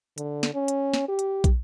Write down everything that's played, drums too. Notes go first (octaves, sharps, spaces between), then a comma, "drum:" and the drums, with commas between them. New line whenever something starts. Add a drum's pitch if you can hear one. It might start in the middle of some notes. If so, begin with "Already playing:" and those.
D3, drum: hi-hat
drum: snare
C#4
drum: hi-hat
drum: snare
G4
drum: hi-hat
drum: kick, hi-hat